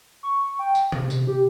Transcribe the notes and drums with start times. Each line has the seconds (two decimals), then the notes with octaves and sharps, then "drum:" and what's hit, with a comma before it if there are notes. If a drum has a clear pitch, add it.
0.23 C#6
0.59 G5
0.75 drum: tambourine
0.92 C3, drum: tom B2
1.10 drum: tambourine
1.28 G4